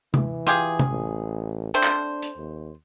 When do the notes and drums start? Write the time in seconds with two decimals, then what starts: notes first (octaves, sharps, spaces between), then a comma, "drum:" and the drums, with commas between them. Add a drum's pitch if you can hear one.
0.14 E3, drum: tom C3
0.47 F4 G4 G#4, drum: rim click
0.79 drum: tom C3
0.91 A1
1.74 A3 C4 D4 C5
1.83 drum: clap
2.22 drum: hi-hat
2.37 D#2